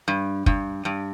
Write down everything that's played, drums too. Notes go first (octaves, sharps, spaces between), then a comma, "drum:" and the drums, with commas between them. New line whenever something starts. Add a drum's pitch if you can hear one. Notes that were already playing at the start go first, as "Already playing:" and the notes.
G2
G2, drum: kick
G2